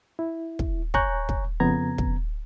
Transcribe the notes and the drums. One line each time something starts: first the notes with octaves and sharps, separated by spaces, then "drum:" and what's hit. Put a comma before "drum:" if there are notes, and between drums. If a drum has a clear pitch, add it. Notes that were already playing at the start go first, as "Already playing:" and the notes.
E4
drum: kick
C#5 G#5 A#5 C#6 F#6 G6, drum: kick
drum: kick
F2 C#3 B3 A#5 G#6
drum: kick